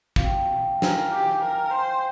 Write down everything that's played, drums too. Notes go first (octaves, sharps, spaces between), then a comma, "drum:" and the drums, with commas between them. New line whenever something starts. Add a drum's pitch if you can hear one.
F5, drum: kick
G5
A#4 G#5, drum: snare
G4 G5
A#4
C5